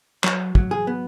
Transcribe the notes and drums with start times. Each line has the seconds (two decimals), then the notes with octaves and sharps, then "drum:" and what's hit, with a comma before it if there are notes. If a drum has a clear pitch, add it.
0.24 F#3 C#5, drum: clap
0.55 F#3, drum: kick
0.71 G#4
0.87 B3